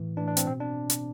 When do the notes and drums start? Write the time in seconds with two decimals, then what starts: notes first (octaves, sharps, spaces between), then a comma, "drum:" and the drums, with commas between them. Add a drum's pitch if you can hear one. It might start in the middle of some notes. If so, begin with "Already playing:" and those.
Already playing: A2 E3
0.17 A2 E3 D4
0.27 D4
0.37 C4, drum: hi-hat
0.47 B2 C4
0.60 D4
0.90 drum: hi-hat